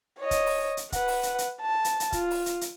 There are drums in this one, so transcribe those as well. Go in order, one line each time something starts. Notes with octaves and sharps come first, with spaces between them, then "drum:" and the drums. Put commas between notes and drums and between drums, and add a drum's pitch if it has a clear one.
C#5 D#5
drum: kick C#1, hi-hat
drum: open hi-hat
drum: hi-hat
B4 F#5, drum: kick C#1, hi-hat
drum: open hi-hat
drum: hi-hat
drum: hi-hat
A5
drum: hi-hat
drum: hi-hat
F4, drum: kick C#1, hi-hat
drum: open hi-hat
drum: hi-hat
drum: hi-hat